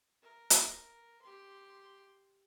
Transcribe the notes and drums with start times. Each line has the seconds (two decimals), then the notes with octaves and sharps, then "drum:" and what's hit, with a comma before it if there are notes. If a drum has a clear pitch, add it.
0.22 A#4
0.50 drum: hi-hat
1.22 G4 C6